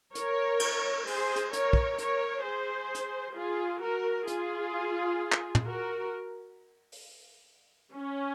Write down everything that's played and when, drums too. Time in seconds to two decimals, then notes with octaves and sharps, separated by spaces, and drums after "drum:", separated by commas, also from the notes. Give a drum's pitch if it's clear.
0.15 A#4 C#5, drum: hi-hat
0.60 drum: cymbal
1.07 G#4 C5, drum: open hi-hat
1.36 drum: hi-hat
1.53 A#4 C#5, drum: hi-hat
1.73 drum: kick
1.98 A#4 C#5, drum: hi-hat
2.44 G#4 C5
2.95 drum: hi-hat
3.35 F4 G#4
3.82 F#4 A#4
4.27 F4 G#4, drum: hi-hat
5.32 drum: clap
5.55 drum: tom
5.65 F#4 A#4
6.92 drum: open hi-hat
7.94 C#4